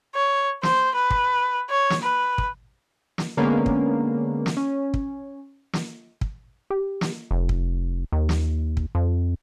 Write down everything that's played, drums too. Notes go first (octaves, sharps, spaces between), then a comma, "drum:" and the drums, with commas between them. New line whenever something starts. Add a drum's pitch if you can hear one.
C#5
C5, drum: snare
B4
drum: kick
C#5
drum: snare
B4
drum: kick
drum: snare
D3 G#3 A#3 B3 C#4
drum: kick
drum: snare
C#4
drum: kick
drum: snare
drum: kick
G4
drum: snare
F1
drum: kick
D#2
drum: snare
drum: kick
F2